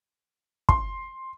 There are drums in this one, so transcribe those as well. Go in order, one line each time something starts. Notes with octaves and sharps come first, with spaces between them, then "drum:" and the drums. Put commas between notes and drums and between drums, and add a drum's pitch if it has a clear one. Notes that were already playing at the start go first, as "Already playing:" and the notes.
C6, drum: kick